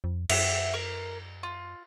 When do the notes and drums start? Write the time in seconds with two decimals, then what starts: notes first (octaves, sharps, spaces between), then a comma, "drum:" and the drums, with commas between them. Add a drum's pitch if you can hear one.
0.04 F2
0.30 F#2 E5 F#5 G5, drum: cymbal
0.74 A#4
1.43 F4